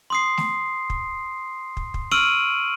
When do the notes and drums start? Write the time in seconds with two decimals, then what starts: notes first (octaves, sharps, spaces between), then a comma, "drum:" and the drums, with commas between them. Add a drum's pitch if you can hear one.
0.10 C6 D#6 C7
0.37 drum: snare
0.90 drum: kick
1.77 drum: kick
1.94 drum: kick
2.11 C#6 E6 F6 D7 D#7 F#7